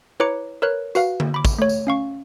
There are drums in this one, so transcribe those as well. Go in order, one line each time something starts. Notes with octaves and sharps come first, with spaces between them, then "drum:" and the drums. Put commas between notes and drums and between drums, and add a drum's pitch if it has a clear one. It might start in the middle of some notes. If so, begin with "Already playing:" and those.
E4 B4 C#5 A#5 D6 C#7
A#4 B4 C#5 F6 F#6
F#4 B4 F5, drum: tambourine
drum: tom D3
B5 D6
drum: kick, tambourine
A3 C#5
drum: tambourine
C#4 F5 C#6